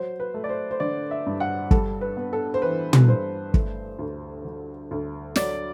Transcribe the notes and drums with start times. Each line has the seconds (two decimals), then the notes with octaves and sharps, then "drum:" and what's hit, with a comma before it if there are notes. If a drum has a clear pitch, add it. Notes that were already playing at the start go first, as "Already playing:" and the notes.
Already playing: F#3 C5
0.20 B4
0.34 A3
0.44 D5
0.49 C5
0.71 C5
0.80 D3 D5
1.11 E5
1.26 G2
1.40 F#5
1.71 G3 A4, drum: kick
2.01 B4
2.17 B3
2.33 A4
2.54 C5
2.62 E3 B4
2.93 drum: tom
3.08 G2 C5
3.54 A3, drum: kick
3.99 D2
4.45 D3
4.91 D2
5.36 F#3 D5, drum: snare